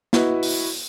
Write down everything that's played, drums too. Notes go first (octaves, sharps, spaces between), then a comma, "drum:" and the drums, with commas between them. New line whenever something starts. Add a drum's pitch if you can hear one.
E4 F#4 B4 D#5, drum: snare
drum: open hi-hat